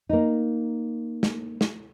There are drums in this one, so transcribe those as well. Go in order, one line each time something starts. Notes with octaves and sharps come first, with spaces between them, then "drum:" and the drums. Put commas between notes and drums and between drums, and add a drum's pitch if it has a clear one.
A#3 D#4
drum: snare
drum: snare